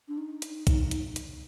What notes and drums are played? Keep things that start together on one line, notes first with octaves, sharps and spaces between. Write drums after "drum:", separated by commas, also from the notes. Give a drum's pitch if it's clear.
D4
D#4
drum: hi-hat
drum: kick B1, hi-hat
drum: hi-hat
drum: hi-hat